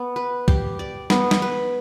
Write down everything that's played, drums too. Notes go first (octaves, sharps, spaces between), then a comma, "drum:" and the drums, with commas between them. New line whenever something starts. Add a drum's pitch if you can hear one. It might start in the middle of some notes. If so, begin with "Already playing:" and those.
Already playing: B3
B4
G4, drum: kick
D5
B3, drum: snare
drum: snare
B4